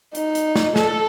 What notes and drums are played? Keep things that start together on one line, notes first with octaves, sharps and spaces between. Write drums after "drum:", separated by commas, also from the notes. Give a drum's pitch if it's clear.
D#4, drum: hi-hat
drum: hi-hat
drum: snare
A4, drum: snare